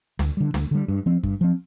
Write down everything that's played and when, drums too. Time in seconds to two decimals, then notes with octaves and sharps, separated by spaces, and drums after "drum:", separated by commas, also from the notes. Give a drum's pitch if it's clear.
0.19 D2, drum: snare
0.37 D3 G3
0.54 D2, drum: snare
0.71 D3 G3
0.88 G2
1.06 F3 C4
1.23 G2, drum: kick
1.41 F3 C4